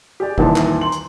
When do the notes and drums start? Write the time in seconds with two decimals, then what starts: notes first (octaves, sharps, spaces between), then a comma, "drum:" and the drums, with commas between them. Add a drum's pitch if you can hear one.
0.20 G4 G#4 D5
0.38 D#1 G#1 D#2 A#2 E3 A5, drum: kick
0.56 drum: clap
0.81 A#5 C6 F#7
0.92 drum: hi-hat